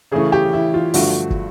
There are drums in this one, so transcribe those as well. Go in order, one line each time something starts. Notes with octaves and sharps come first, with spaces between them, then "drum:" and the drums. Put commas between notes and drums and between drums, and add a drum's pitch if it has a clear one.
C#3 E3 A3 C#4 G#4
G4
E4
F4
G2 D3 F3 A3 F#4, drum: open hi-hat
drum: kick